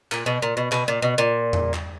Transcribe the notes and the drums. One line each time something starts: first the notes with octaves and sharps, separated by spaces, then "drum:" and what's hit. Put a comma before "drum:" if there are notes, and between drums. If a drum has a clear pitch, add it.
A#2, drum: clap
B2
A#2
B2
B2, drum: clap
A#2
B2
A#2
drum: tom E2
drum: clap